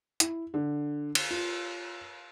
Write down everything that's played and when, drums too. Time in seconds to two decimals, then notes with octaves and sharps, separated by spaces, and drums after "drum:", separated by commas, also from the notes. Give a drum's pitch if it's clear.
0.20 E4, drum: hi-hat
0.54 D3
1.15 drum: cymbal
1.31 F4